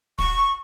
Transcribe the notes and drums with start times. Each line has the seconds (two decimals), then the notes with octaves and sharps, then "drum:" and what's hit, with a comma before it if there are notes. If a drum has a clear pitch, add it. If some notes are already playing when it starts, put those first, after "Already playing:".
0.19 C#6, drum: kick